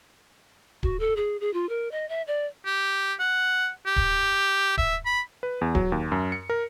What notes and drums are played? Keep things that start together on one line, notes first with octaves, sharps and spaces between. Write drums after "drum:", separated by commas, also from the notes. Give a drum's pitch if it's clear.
F#4, drum: kick D1
A4
G#4
G#4
F4
A#4
D#5
E5
D5
G4
F#5
G4
drum: kick D1
E5, drum: kick D1
B5
B4
E2
F#3, drum: kick D1
D#2
F#2
C#7
A#4